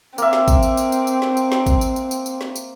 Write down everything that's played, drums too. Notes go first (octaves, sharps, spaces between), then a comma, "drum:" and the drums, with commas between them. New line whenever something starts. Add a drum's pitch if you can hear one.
A#3 C4 E5, drum: tambourine
drum: snare
drum: kick A1, tambourine
drum: tambourine
drum: tambourine
drum: tambourine
drum: tambourine
drum: snare
drum: tambourine
drum: snare
drum: kick A1, tambourine
drum: tambourine
drum: tambourine
drum: tambourine
drum: tambourine
drum: snare
drum: tambourine